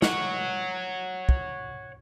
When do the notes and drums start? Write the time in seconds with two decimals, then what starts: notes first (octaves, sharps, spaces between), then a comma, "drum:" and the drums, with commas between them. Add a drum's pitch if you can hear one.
0.02 C#5 F#5, drum: snare
1.29 drum: kick